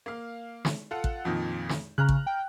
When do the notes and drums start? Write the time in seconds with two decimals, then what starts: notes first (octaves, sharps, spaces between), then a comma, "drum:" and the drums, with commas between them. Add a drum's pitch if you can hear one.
0.06 A#3 F5
0.65 drum: snare
0.91 F4 A4 F#5
1.04 drum: kick
1.25 F2 A#2 D#3
1.69 drum: snare
1.98 C#3 A#5 F6 F#6
2.09 drum: kick
2.27 G5